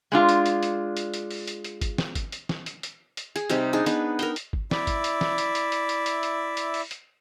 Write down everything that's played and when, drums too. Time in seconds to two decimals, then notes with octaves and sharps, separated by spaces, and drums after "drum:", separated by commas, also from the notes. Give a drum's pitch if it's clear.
0.12 G#3 D4 F4
0.29 drum: hi-hat
0.46 drum: hi-hat
0.63 drum: hi-hat
0.97 drum: hi-hat
1.14 drum: hi-hat
1.31 drum: open hi-hat
1.48 drum: hi-hat
1.64 drum: hi-hat
1.81 drum: kick G#1, hi-hat
1.98 drum: snare
2.15 drum: kick G#1, hi-hat
2.32 drum: hi-hat
2.49 drum: snare
2.66 drum: hi-hat
2.83 drum: hi-hat
3.17 drum: hi-hat
3.36 G#4, drum: hi-hat
3.50 C3 G3 D#4 G4, drum: hi-hat
3.73 D4 D#4 G#4
3.86 B3 D4 D#4 B4, drum: hi-hat
4.19 A#4 G5, drum: hi-hat
4.36 drum: hi-hat
4.53 drum: kick G#1
4.71 E4 D5 E5, drum: snare
4.87 drum: kick G#1, hi-hat
5.04 drum: hi-hat
5.21 drum: snare
5.38 drum: hi-hat
5.55 drum: hi-hat
5.72 drum: hi-hat
5.89 drum: hi-hat
6.06 drum: hi-hat
6.23 drum: hi-hat
6.57 drum: hi-hat
6.74 drum: open hi-hat
6.91 drum: hi-hat